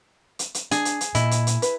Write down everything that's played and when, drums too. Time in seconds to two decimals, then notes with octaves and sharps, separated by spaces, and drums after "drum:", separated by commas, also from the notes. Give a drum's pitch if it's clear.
0.39 drum: hi-hat
0.54 drum: hi-hat
0.71 D4 G#4, drum: hi-hat
0.85 drum: hi-hat
1.01 drum: hi-hat
1.15 A#2 E4 D#5, drum: hi-hat
1.31 drum: hi-hat
1.47 drum: hi-hat
1.62 B4, drum: hi-hat